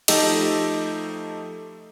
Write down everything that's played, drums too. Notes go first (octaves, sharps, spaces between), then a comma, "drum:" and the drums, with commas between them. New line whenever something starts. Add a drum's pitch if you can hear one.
F3 A3 D#4 G4 A4 D#5, drum: cymbal